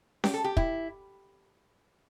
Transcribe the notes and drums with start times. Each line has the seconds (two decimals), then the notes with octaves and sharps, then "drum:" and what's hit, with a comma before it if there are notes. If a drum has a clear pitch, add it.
0.24 G4, drum: snare C#4
0.34 A4
0.44 G4
0.57 E4, drum: kick